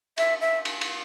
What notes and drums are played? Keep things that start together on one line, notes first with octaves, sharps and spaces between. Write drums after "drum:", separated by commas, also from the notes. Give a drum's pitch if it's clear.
E5, drum: cymbal
E5
drum: cymbal
drum: cymbal